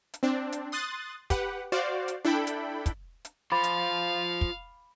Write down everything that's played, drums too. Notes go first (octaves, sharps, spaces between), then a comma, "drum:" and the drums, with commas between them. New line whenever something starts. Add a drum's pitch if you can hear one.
drum: hi-hat
C4 D4
drum: hi-hat
C6 D#6 F#6 A6
G4 B4 F#5, drum: kick, hi-hat
F#4 C5 D5 F5
drum: hi-hat
D4 E4 A4 G5 B5
drum: hi-hat
drum: kick, hi-hat
drum: hi-hat
F4 C5 F5 B5 D6 A6
drum: hi-hat
drum: kick